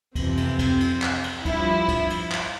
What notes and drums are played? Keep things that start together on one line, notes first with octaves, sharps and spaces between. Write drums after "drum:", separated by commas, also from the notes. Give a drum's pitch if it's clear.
F2 C3 E3 C4, drum: kick, cymbal
drum: cymbal
drum: kick, cymbal
drum: cymbal
drum: clap
drum: cymbal
G2 F3 E4, drum: kick, cymbal
drum: kick, cymbal
drum: cymbal
drum: clap